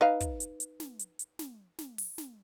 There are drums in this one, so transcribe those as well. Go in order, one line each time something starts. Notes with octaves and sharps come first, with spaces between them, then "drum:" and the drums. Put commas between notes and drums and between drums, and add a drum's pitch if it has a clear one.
D#4 B4 F5
drum: kick, hi-hat
drum: hi-hat
drum: hi-hat
drum: snare
drum: hi-hat
drum: hi-hat
drum: snare
drum: snare
drum: open hi-hat
drum: snare